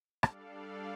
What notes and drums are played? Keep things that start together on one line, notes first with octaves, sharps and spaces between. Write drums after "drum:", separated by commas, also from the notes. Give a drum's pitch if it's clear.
G3 D4 A4 D5 F5, drum: rim click